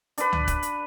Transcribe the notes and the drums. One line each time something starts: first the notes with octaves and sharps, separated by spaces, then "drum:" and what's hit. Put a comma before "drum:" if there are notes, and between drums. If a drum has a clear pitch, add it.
D4 B4, drum: hi-hat
drum: tom C#2
drum: kick, hi-hat
drum: hi-hat